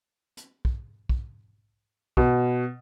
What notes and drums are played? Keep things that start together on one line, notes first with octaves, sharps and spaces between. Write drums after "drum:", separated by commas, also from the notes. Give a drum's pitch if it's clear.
drum: hi-hat
drum: kick
drum: kick
B2, drum: kick